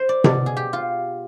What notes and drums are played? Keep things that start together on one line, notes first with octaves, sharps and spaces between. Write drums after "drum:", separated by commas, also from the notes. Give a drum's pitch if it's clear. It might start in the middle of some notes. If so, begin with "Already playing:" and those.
Already playing: C5
D5
B2 D5, drum: tom C3
G#4
G4
F4